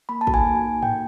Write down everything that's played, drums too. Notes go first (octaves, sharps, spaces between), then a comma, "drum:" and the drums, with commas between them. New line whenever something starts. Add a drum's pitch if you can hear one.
A#3 B5
A5
D#4 F#4 A4, drum: kick
G#5
A#3
D#4 F#4
A#3 G5, drum: tom